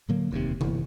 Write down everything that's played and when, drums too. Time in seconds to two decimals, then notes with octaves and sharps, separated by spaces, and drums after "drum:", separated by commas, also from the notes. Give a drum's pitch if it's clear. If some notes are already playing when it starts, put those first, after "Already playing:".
0.09 A2 D3 F#3 A#3
0.31 F1 D#2 A2 C3
0.61 G1 E3, drum: tom C3